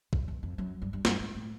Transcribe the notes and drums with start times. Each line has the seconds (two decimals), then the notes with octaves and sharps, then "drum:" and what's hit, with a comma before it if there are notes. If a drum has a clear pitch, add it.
0.13 F2, drum: kick
0.28 E2
0.43 F2
0.58 F#2
0.82 G2
0.93 G2
1.05 G2, drum: snare
1.20 G#2
1.35 A2